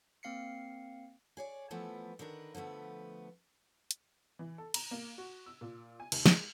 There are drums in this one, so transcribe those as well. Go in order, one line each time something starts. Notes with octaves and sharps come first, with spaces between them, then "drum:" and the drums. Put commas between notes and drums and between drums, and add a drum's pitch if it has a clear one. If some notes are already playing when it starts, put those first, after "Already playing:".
A#3 C4 F5 C7 C#7
G#4 C#5 D5
E3 F3 A3 B3
D3 D#3 D4 A#4 B4
D3 F3 A3 B3
drum: hi-hat
E3
A4
A#5, drum: cymbal
A#3
F#4
E6
A#2
G#5
D#2, drum: cymbal
G#3, drum: snare